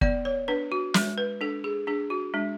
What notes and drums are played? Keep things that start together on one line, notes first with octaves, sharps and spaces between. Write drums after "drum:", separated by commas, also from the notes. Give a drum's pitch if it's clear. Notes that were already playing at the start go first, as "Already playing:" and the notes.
B3 D5, drum: kick
C#5
D4 B4
F#4
G#3, drum: snare
B4
D4 A4
G#4
D4 G#4
F#4
G#3 D4